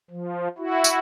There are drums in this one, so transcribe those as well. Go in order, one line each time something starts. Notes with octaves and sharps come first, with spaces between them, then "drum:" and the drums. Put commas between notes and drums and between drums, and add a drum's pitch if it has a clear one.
F3
E4 F#4
drum: tambourine